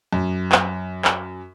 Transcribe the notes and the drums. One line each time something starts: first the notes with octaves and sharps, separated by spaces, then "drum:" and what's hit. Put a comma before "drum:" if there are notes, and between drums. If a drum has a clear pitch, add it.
F#2
drum: clap
drum: clap